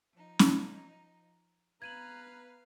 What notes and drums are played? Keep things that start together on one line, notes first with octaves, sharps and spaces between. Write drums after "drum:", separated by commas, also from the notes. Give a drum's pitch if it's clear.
F3 D#4
drum: snare
B3 B4 F5 A#5 G#6 D#7 F#7